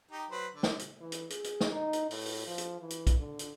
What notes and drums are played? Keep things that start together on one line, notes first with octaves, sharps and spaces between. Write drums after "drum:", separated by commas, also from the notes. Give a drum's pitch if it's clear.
D#4 G4
F#3 B4 C5
D3
drum: snare
drum: hi-hat
E3
drum: hi-hat
G#4, drum: hi-hat
drum: hi-hat
drum: snare
D#4
drum: hi-hat
A2, drum: open hi-hat
drum: open hi-hat
F3
drum: hi-hat
E3
drum: hi-hat
drum: kick, hi-hat
D3
drum: hi-hat